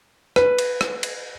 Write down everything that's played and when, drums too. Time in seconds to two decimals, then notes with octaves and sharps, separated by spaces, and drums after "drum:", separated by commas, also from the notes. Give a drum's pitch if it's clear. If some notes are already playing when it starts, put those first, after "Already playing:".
0.36 B4, drum: rim click
0.58 drum: cymbal
0.81 drum: rim click
1.03 drum: cymbal